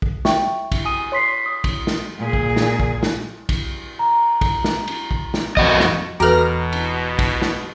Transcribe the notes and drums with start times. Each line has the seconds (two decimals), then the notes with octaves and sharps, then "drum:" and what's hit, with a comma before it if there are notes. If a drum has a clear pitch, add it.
0.02 drum: kick
0.25 E5 G5 C#6, drum: snare
0.72 drum: kick, cymbal
0.85 G#5 D#6 D#7
1.12 C#5 C6 B6 C7
1.46 D#6
1.64 drum: kick, cymbal
1.87 drum: snare
2.18 A#2 G#4
2.33 drum: kick
2.56 drum: snare
2.80 drum: kick
3.03 drum: snare
3.49 drum: kick, cymbal
3.99 A#5
4.41 drum: kick, cymbal
4.64 drum: snare
4.88 drum: cymbal
5.11 drum: kick
5.34 drum: snare
5.57 F2 F#4 D#5, drum: kick
5.80 drum: snare
6.20 E1 E2 B2 F#4 A4 B4 A#5 F6
6.72 drum: cymbal
7.19 drum: kick, cymbal
7.42 drum: snare